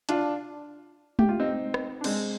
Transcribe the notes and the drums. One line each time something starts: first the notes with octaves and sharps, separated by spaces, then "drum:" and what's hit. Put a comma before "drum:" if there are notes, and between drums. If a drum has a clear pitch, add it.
D4 F4, drum: hi-hat
G4, drum: tom G#3
F4
C4 D#4
drum: rim click
D4
G#3 C4, drum: cymbal